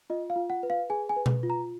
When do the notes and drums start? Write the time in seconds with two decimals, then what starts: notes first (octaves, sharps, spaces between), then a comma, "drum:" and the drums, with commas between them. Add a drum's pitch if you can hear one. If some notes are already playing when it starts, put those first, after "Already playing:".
0.10 F4 D#5
0.30 F5
0.36 F4
0.50 F#5
0.63 B4
0.70 F5
0.90 G#4 G#5
1.09 G#5
1.16 B4
1.26 drum: tom B2
1.43 F4
1.50 A#5